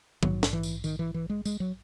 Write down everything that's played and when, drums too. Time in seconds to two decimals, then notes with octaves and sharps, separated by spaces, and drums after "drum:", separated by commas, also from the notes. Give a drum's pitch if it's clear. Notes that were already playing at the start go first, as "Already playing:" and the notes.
0.23 A#1 G#2 F#3, drum: tom
0.43 drum: snare
0.53 E3
0.63 drum: tambourine
0.84 D#3, drum: tambourine
0.99 E3
1.14 E3
1.30 G#3
1.45 G#3, drum: tambourine
1.60 F#3